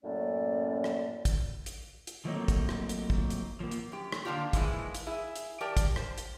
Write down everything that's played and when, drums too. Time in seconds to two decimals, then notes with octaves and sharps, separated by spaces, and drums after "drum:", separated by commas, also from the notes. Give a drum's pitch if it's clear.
0.04 F#2 A2 A#3 C#4 D5
0.84 drum: rim click
1.25 drum: kick, hi-hat
1.66 drum: hi-hat
2.07 drum: hi-hat
2.25 F3 F#3 A3 A#3 C4 D#4
2.48 drum: kick, hi-hat
2.69 drum: rim click
2.89 drum: hi-hat
3.10 drum: kick
3.30 drum: hi-hat
3.60 F3 A#3
3.71 drum: hi-hat
3.92 F#2 G4
4.12 drum: rim click
4.25 D3 A#3 D4 F4 G4
4.53 A#2 E3 F3 G#3 E4, drum: kick, hi-hat
4.95 drum: hi-hat
5.07 E4 G#4 E5
5.36 drum: hi-hat
5.61 G4 A#4 D5 G5 A5
5.77 drum: kick, hi-hat
5.96 C5, drum: rim click
6.18 drum: hi-hat